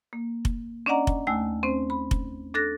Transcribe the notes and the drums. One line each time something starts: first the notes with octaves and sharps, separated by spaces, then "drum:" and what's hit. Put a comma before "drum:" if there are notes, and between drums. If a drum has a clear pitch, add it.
A#3
drum: kick F1
C#4 D4 D5 D#5 F#5 A#5
drum: kick F1
D#2 A3 G#5 E6
C4 C#4 C5
B5
drum: kick F1
D4 A4 F#6 A6 A#6